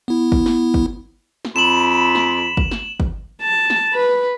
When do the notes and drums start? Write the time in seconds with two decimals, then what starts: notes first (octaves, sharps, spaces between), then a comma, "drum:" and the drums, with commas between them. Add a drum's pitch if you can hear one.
0.08 B3 E4
0.32 drum: kick
0.46 drum: snare
0.74 drum: kick
1.45 drum: snare
1.56 F2 B5 E7 F#7
2.15 drum: snare
2.57 drum: kick
2.71 drum: snare
3.00 drum: kick
3.42 A5
3.70 drum: snare
3.93 B4